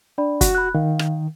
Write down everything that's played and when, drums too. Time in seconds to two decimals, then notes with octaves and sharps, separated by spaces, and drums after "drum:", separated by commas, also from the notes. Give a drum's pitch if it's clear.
0.18 D4 D5 B5
0.41 F#4, drum: kick, hi-hat
0.55 B5 F#6
0.75 D#3 F5
0.99 drum: rim click